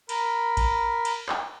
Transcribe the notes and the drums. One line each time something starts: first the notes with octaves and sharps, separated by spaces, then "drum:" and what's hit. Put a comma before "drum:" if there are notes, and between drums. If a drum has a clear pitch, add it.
A#4 B5, drum: cymbal
drum: kick A1, cymbal
drum: cymbal
drum: clap